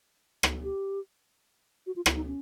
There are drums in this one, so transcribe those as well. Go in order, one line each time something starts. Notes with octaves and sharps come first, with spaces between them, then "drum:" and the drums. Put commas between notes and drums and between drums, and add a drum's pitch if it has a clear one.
drum: rim click
G4
F#4
F4
E4, drum: rim click
D#4
C#4